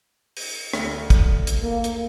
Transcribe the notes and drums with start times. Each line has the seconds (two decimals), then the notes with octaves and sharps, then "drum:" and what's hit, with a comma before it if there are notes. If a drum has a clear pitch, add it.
0.37 drum: open hi-hat
0.73 D2, drum: rim click
1.10 drum: kick, hi-hat
1.47 drum: hi-hat
1.62 A#3
1.84 drum: hi-hat